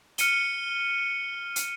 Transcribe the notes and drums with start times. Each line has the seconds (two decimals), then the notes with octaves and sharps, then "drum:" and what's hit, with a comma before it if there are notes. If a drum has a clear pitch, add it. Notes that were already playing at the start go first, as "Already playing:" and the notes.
0.18 F6 C#7 D#7 G7, drum: hi-hat
1.56 drum: hi-hat